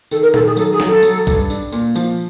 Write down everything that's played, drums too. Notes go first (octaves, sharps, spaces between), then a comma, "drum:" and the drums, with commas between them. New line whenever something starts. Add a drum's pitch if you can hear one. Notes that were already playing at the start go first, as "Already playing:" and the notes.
D#3 A4, drum: tambourine
A#4
D#3 A4, drum: tom A#2
G#4
F#3 A4, drum: tambourine
G#4
F#3, drum: snare
A4
F#3, drum: tambourine
G2, drum: kick, tambourine
D4, drum: tambourine
A#2, drum: tambourine
F3, drum: tambourine